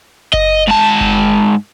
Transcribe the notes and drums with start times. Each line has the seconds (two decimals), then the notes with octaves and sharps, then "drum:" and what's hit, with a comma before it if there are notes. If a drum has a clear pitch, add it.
0.33 D#5, drum: kick F#1
0.68 G#2 A5
1.01 drum: kick F#1